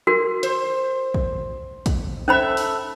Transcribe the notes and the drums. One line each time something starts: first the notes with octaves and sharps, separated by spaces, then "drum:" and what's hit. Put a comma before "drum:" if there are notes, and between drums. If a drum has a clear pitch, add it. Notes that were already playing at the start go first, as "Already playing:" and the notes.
F#4 A#4
C5, drum: hi-hat
drum: kick
drum: kick, hi-hat
C#4 A4 C5 E5 B5
drum: open hi-hat